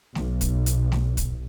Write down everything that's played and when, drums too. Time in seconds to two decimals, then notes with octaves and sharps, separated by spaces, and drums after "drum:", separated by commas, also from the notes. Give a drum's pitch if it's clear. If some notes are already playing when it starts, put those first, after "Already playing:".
0.15 B1, drum: snare A3
0.41 drum: kick, hi-hat
0.66 drum: hi-hat
0.92 drum: snare A3
1.17 drum: kick, hi-hat